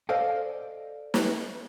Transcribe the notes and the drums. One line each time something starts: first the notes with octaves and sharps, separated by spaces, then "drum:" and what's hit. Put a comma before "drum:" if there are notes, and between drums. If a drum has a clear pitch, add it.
A4 C5 D5 D#5 F5
drum: snare